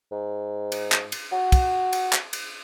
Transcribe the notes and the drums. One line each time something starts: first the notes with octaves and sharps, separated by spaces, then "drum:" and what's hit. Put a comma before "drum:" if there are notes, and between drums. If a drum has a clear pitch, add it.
G#2
drum: cymbal
drum: clap
drum: cymbal
F#4
drum: kick, cymbal
drum: cymbal
drum: clap
drum: cymbal